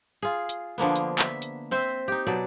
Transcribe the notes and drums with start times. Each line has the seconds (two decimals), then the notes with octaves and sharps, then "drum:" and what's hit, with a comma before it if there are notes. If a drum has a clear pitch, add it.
0.22 F4 G#4
0.49 drum: hi-hat
0.78 D3 F3 A#3 B3
0.96 drum: hi-hat
1.19 E5, drum: clap
1.42 drum: hi-hat
1.71 C4 C5 E5
2.08 D#4 G4
2.27 B2 F#3 D5